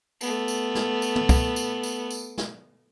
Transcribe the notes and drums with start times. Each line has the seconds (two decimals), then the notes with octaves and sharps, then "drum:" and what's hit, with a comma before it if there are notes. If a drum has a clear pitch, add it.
0.21 A3 B3, drum: tambourine
0.48 drum: tambourine
0.75 drum: snare
1.02 drum: tambourine
1.16 drum: tom
1.29 drum: kick, tambourine
1.56 drum: tambourine
1.83 drum: tambourine
2.10 drum: tambourine
2.38 drum: snare